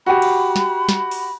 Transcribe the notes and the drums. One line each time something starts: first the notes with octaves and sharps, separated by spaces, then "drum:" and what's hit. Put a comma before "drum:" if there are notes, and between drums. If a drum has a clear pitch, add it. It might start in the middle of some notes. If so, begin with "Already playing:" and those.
F#4 G4 B5
drum: cymbal
drum: snare
drum: snare
drum: open hi-hat